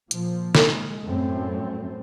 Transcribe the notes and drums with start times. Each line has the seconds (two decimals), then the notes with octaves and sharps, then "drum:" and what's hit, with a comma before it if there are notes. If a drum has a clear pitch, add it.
0.11 A#2 F3, drum: hi-hat
0.55 drum: snare
0.65 G#3
1.05 F#2 A2 A3 C4